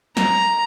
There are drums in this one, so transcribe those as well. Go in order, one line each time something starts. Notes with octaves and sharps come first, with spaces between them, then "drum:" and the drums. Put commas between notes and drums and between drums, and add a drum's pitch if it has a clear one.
A#5, drum: snare